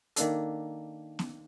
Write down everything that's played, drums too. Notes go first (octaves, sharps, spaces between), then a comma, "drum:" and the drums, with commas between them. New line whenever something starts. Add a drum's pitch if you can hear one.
D#3 A#3 D4 A4, drum: hi-hat
drum: snare